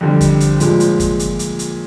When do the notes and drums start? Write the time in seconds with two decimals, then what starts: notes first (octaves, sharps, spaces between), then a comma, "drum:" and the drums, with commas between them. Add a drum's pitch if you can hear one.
0.01 F2 D3 G3
0.21 drum: kick, hi-hat
0.40 drum: hi-hat
0.60 A#2 F3 G#3, drum: hi-hat
0.80 drum: hi-hat
1.00 drum: kick, hi-hat
1.19 drum: hi-hat
1.39 drum: hi-hat
1.59 drum: hi-hat